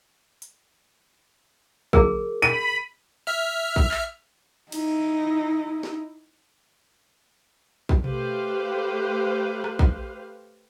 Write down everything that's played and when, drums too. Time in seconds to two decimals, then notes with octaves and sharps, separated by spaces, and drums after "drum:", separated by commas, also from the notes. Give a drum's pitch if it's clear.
0.42 drum: hi-hat
1.93 D3 F#3 A#3 G#4 A#4, drum: kick A#1
2.42 B5 D#7, drum: hi-hat
3.27 E5 F6
3.76 drum: kick A#1
3.91 drum: clap
4.72 D#4 E4, drum: cymbal
5.83 drum: snare D4
7.89 drum: kick A#1
8.04 A3 G4 B4 C5 F5, drum: tom B2
9.64 drum: rim click
9.79 drum: kick A#1